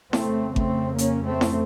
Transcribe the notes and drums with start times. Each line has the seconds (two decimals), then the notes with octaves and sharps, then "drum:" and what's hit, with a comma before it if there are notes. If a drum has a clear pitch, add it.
0.13 F2 C#3 A3 C4, drum: snare E4
0.56 A3 C4, drum: kick G#1
0.98 A#3 C#4, drum: hi-hat
1.26 A3 C4
1.41 drum: snare E4